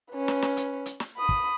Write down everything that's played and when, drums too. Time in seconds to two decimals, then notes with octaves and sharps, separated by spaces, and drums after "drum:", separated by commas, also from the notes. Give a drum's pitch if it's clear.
0.14 C#4 B4
0.28 drum: snare
0.42 drum: snare
0.57 drum: hi-hat
0.86 drum: hi-hat
1.00 drum: snare
1.18 B5 D#6
1.29 drum: kick